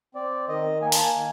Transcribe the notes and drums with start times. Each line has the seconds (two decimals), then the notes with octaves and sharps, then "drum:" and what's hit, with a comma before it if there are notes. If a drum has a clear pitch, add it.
0.14 C4 D5
0.48 D#3 D#5
0.82 A#3 G#5
0.92 A5, drum: open hi-hat
1.03 G#5
1.15 D#3